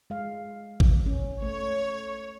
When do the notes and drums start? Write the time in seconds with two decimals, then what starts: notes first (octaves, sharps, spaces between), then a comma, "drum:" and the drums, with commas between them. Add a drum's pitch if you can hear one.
0.10 G#3 F5
0.80 drum: kick
1.06 C#4
1.42 A3 C#5